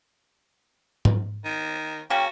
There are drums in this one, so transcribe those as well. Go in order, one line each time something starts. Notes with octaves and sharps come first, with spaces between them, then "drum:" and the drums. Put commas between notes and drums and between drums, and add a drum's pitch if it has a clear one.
drum: tom G#2
D#3
C#3 A#3 C#4 F#4 G5